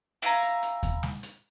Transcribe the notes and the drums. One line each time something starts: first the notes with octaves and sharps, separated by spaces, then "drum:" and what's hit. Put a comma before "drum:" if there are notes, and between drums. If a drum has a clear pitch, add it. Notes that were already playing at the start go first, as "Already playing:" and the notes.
E4 F5 G#5 A#5, drum: hi-hat
drum: hi-hat
drum: hi-hat
drum: kick D#2, hi-hat
drum: snare
drum: hi-hat